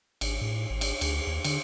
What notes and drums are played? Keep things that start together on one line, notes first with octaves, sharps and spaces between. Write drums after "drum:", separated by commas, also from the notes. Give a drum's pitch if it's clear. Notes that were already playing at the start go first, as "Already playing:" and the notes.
G#1, drum: cymbal
A2
G#1
drum: cymbal
D2, drum: cymbal
D#2
D3, drum: cymbal